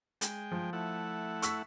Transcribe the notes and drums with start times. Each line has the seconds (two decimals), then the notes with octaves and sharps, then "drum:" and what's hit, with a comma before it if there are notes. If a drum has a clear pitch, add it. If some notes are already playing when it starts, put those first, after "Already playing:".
0.21 G#3 G5, drum: hi-hat
0.52 F3
0.73 A3 E4 F#5
1.42 C#6 E6 B6, drum: hi-hat